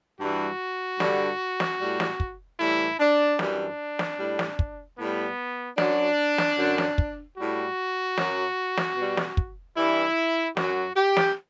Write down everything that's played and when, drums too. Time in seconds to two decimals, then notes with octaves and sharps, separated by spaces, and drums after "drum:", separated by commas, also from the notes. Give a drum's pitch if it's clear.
0.20 G2 E3 G3 F#4
1.00 G2 D3 G3, drum: snare
1.60 drum: snare
1.80 A2 G3
2.00 drum: snare
2.20 drum: kick
2.60 A2 E3 G3 E4
3.00 D4
3.39 F#2 E3 G3 D4, drum: snare
3.99 drum: snare
4.19 A2 G3
4.39 drum: snare
4.59 drum: kick
4.98 A2 B3
5.04 G3
5.78 F#2 F#3 D4, drum: snare
6.38 drum: snare
6.58 F#2 D3 F#3
6.78 drum: snare
6.98 drum: kick
7.38 A2 G3 F#4
8.18 F#2 F#3, drum: snare
8.77 drum: snare
8.97 B2 G3
9.17 drum: snare
9.37 drum: kick
9.77 G2 E3 G3 E4
10.57 F#2 F#3 F#4, drum: snare
10.97 G4
11.17 drum: snare